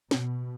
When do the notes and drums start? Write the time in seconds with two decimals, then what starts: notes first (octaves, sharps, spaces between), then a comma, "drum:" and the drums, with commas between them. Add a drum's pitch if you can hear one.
0.11 B2, drum: snare